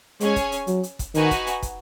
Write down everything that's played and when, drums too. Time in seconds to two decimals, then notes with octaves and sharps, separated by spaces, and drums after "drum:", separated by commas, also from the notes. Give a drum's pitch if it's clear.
0.20 G#3 C#4 G#4 C#5 G#5, drum: hi-hat
0.36 drum: kick, hi-hat
0.52 drum: hi-hat
0.67 F#3, drum: hi-hat
0.83 drum: hi-hat
0.99 drum: kick, hi-hat
1.14 D#3 D#4 F#4 B4 G#5, drum: hi-hat
1.31 drum: kick, hi-hat
1.47 drum: hi-hat
1.62 drum: kick, hi-hat